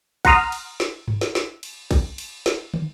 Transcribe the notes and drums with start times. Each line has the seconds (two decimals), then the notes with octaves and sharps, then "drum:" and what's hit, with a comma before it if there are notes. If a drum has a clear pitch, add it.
0.25 F#5 A#5 C6 D#6 F6, drum: kick, cymbal
0.52 drum: cymbal
0.80 drum: snare
1.08 drum: tom G2
1.21 drum: snare
1.35 drum: snare
1.63 drum: cymbal
1.91 drum: kick, cymbal
2.18 drum: cymbal
2.46 drum: snare
2.74 drum: tom